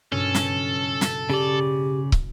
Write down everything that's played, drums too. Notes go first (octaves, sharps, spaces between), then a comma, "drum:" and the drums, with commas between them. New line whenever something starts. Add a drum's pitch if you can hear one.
F#1 G2 B2 C#4 A4
drum: snare
drum: snare
C#3 G4 D5
drum: kick